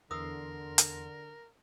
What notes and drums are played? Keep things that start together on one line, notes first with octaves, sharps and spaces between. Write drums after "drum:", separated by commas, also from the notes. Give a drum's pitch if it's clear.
E2 D3 E3 A#4 C6 D#6 E6
drum: hi-hat